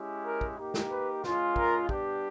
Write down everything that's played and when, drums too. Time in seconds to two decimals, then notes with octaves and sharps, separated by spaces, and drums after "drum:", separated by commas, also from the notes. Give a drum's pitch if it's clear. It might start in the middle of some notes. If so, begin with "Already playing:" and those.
Already playing: G#3 C#4 E4 G4
0.25 A#4
0.41 drum: kick
0.58 A#3 D#4 G4
0.74 drum: snare
0.91 B4
1.24 G#3 C#4 F4, drum: snare
1.56 A#4, drum: kick
1.89 G3 B3 D4 G4, drum: kick